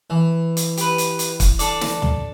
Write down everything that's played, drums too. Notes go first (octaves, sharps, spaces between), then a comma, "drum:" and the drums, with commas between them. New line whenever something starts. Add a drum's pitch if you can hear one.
E3
drum: hi-hat
G4 B4, drum: hi-hat
drum: hi-hat
drum: hi-hat
drum: kick, hi-hat
D4 A4 D5, drum: hi-hat
drum: snare
drum: tom